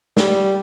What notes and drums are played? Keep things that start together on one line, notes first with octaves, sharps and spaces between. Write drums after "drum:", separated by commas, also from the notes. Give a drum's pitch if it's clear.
G3, drum: snare